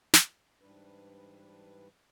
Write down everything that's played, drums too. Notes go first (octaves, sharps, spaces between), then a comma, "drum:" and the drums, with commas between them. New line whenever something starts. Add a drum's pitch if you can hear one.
drum: snare
G#2 E3 G3 D4 B4